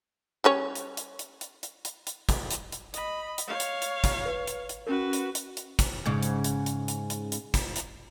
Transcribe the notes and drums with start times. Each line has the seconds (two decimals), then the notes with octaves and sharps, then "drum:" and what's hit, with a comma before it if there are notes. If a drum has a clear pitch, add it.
0.44 G3 C#4 C#5
0.75 drum: hi-hat
0.97 drum: hi-hat
1.19 drum: hi-hat
1.41 drum: hi-hat
1.63 drum: hi-hat
1.85 drum: hi-hat
2.07 drum: hi-hat
2.29 drum: kick, hi-hat
2.51 drum: hi-hat
2.72 drum: hi-hat
2.94 D#5 B5, drum: hi-hat
3.38 drum: hi-hat
3.48 C#5 F5
3.60 drum: hi-hat
3.82 drum: hi-hat
4.04 drum: kick, hi-hat
4.26 B4
4.47 drum: hi-hat
4.69 drum: hi-hat
4.87 C#4 F#4 A#4 B4
5.13 drum: hi-hat
5.35 drum: hi-hat
5.57 drum: hi-hat
5.79 drum: kick, hi-hat
6.06 G#2 C#3
6.23 drum: hi-hat
6.44 drum: hi-hat
6.66 drum: hi-hat
6.88 drum: hi-hat
7.10 drum: hi-hat
7.32 drum: hi-hat
7.54 drum: kick, hi-hat
7.76 drum: hi-hat